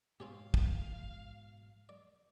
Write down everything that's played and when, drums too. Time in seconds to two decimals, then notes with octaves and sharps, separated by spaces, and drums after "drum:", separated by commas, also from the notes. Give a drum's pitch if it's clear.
0.20 G#2 B2 C4 C#4 G4 F5
0.54 drum: kick
1.89 D5